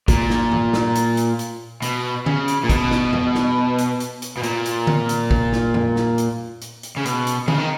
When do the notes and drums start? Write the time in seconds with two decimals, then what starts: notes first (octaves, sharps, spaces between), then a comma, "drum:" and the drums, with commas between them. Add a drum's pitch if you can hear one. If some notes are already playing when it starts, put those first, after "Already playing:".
0.08 A#2, drum: kick, hi-hat
0.30 drum: snare
0.52 drum: tom G2
0.73 drum: snare
0.95 drum: hi-hat
1.17 drum: hi-hat
1.39 drum: hi-hat
1.82 B2, drum: hi-hat
2.26 C#3, drum: tom D3
2.48 drum: hi-hat
2.63 A#2
2.69 B2, drum: kick, hi-hat
2.91 drum: snare
3.13 drum: tom F2
3.35 drum: snare
3.78 drum: hi-hat
4.00 drum: hi-hat
4.22 drum: hi-hat
4.37 B2
4.43 A#2, drum: hi-hat
4.65 drum: hi-hat
4.87 drum: tom D3
5.09 drum: hi-hat
5.31 drum: kick
5.52 drum: snare
5.74 drum: tom F2
5.96 drum: snare
6.18 drum: hi-hat
6.61 drum: hi-hat
6.83 drum: hi-hat
6.97 C#3
7.05 B2, drum: hi-hat
7.27 drum: hi-hat
7.48 C#3, drum: tom D3
7.58 D#3